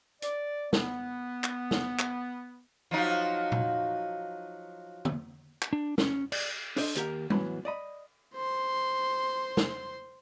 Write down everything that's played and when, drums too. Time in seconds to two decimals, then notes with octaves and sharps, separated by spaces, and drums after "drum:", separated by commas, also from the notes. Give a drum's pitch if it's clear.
0.22 D5, drum: hi-hat
0.73 B3, drum: snare
1.44 drum: clap
1.71 drum: snare
1.99 drum: clap
2.91 F3 F#3 D#4
3.52 drum: tom A#2
5.05 drum: tom D3
5.62 drum: clap
5.73 D4
5.98 C#4, drum: snare
6.32 D5, drum: cymbal
6.76 D4 A4 C5 D#5, drum: open hi-hat
6.95 D#2 G4 A#4 F#5, drum: hi-hat
7.30 A2 E3 F#3 B3 B5, drum: tom G3
7.65 D5 D#5 B5
8.36 C5 C6
9.57 drum: snare